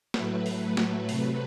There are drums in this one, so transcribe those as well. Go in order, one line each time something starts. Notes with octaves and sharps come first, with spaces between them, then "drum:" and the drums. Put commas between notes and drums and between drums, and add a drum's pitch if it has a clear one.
A2 F#3 A3 B4, drum: snare
drum: open hi-hat
drum: snare
C3 F#3 A3, drum: open hi-hat